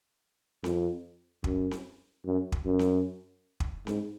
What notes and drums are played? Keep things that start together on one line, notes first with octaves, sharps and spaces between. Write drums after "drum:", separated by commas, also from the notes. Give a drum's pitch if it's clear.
F2, drum: snare C4
F#2, drum: kick
drum: snare C4
F#2
drum: kick
F#2
drum: snare C4
drum: kick
G#2, drum: snare C4